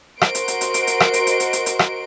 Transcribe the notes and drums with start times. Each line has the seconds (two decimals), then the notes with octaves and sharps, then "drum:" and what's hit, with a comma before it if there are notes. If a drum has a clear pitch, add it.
0.21 F#4 A#4 C5 D#5 C6 D7, drum: rim click
0.35 drum: hi-hat
0.48 drum: hi-hat
0.61 drum: hi-hat
0.74 drum: hi-hat
0.87 drum: hi-hat
1.00 drum: rim click
1.14 drum: hi-hat
1.27 drum: hi-hat
1.40 drum: hi-hat
1.53 drum: hi-hat
1.66 drum: hi-hat
1.79 drum: rim click